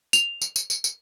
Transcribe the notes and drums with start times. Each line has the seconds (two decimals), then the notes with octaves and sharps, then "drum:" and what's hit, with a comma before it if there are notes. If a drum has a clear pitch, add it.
0.13 F7, drum: tambourine
0.42 drum: tambourine
0.56 drum: tambourine
0.70 drum: tambourine
0.84 drum: tambourine